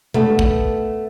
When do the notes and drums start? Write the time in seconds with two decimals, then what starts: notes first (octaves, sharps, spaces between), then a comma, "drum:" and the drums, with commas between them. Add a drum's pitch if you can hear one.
0.14 A3 B3 D4, drum: tom B2
0.39 drum: kick